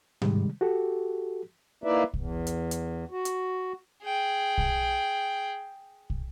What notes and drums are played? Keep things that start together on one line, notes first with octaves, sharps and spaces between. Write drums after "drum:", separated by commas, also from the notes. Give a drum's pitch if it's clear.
C3 D#3 G3 G#3, drum: tom G#2
F#4 G4 A4
A#3 D#4 E4 B4 D5 E5
E2, drum: kick
drum: hi-hat
drum: hi-hat
F#4
drum: hi-hat
G#4 G5
drum: kick
drum: kick